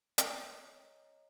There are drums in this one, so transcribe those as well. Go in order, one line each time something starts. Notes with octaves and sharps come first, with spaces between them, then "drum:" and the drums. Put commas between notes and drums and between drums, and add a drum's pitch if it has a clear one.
C#5 D#5 A#5, drum: hi-hat